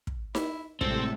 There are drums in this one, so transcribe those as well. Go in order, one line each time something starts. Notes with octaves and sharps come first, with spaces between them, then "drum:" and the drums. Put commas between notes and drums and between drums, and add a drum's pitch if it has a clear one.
drum: kick
E4, drum: snare D#4
A2 C3 G3 G#3 C4 G4 A4, drum: kick